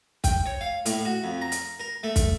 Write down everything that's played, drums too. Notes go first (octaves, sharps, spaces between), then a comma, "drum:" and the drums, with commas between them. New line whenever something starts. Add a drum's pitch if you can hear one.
G5, drum: kick, hi-hat
C#5
F5
A2, drum: hi-hat
F#4
F2
A#5
drum: hi-hat
A#4
A3
drum: kick, hi-hat